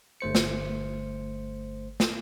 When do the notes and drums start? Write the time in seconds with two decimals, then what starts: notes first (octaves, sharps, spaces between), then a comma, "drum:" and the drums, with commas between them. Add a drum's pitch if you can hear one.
0.21 G1 A3 C5 C#7
0.35 drum: snare
2.00 drum: snare